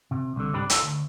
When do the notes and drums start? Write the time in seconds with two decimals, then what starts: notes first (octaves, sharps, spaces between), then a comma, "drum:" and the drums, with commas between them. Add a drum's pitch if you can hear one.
0.11 C3
0.36 C2 D3
0.53 C2 G#2 D4 G4 D5 B5
0.70 A3 D#4 F4 A4, drum: hi-hat
0.83 D2